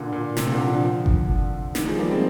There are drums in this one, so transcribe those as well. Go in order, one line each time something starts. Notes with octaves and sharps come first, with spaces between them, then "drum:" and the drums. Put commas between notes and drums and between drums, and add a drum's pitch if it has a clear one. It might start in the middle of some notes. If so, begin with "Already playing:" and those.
Already playing: A#2 D3
A#2
C3, drum: snare
A#2 D3
D3 F3
drum: kick G1
D#3 G3, drum: snare
F3 G#3
G3 A#3
G#3 C4